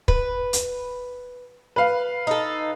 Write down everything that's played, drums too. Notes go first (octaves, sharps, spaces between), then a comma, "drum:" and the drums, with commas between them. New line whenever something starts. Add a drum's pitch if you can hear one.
B4, drum: kick
drum: hi-hat
B4 F5
D#4 A4